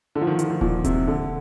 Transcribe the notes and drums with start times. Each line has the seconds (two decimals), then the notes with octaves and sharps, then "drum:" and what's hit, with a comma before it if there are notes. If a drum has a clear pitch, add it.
0.15 D3
0.21 F3
0.27 D#3
0.39 F3, drum: hi-hat
0.50 D#3
0.61 A#2, drum: kick D#1
0.84 C3, drum: kick D#1, hi-hat
1.07 D3